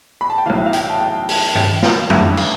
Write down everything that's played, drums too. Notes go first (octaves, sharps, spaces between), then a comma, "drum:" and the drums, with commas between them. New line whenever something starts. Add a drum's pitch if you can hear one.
B5
A5
G5
B1 A2 E3 F5
E5
F5
G5, drum: hi-hat
A5
G5
A5, drum: open hi-hat
G5, drum: tom G2
F5, drum: snare
A1 G2 D3 E5, drum: tom F2
F5, drum: cymbal